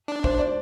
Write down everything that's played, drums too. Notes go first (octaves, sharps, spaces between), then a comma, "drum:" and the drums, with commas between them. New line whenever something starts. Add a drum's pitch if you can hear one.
D4
C5, drum: kick
D5